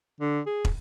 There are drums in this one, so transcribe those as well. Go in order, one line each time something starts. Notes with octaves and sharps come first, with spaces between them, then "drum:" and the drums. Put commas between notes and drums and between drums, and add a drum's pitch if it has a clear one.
D3
G#4
drum: kick